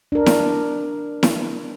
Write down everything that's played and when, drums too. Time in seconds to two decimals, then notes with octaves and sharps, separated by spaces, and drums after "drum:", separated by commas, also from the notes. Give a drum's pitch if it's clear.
0.12 D4 A#4
0.26 drum: snare E4
1.23 drum: snare E4